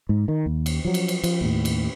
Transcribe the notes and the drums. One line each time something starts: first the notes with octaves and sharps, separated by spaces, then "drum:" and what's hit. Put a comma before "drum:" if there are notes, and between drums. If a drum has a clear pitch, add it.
G#2
D#3
D#2
drum: cymbal
F3 F#3
drum: cymbal
drum: cymbal
F3, drum: cymbal
D#2 A2
drum: cymbal